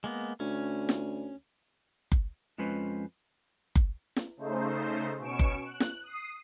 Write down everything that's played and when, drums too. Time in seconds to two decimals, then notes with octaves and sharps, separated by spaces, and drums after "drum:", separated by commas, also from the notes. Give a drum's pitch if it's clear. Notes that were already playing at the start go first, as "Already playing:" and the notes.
0.04 G#3 A#3 B3
0.40 D2 C#4
0.89 drum: snare
2.12 drum: kick F#1
2.58 F2 G#3 C#4 F4 B4 C5
3.75 drum: kick F#1
4.16 drum: snare
4.37 C#3 A3 D#4 C5
5.19 B2 C#4 C#6 D7 E7
5.39 drum: kick F#1
5.65 F#6
5.80 drum: snare
6.03 D#6 C7